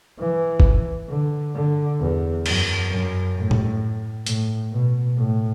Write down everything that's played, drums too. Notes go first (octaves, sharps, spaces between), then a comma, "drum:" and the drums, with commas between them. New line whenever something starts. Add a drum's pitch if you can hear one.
E3
drum: kick
D3
D3
E2
F#2, drum: cymbal
F#2
A2
drum: tom
A2, drum: hi-hat
B2
A2